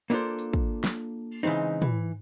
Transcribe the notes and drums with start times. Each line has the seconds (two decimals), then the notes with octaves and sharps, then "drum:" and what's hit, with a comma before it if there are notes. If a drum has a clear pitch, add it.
0.10 A#3 B3 D4 F4 A4 C5
0.38 drum: tambourine
0.53 drum: kick
0.84 drum: snare
1.43 C#3 E3 G#3 C4 D#4
1.82 E3, drum: tom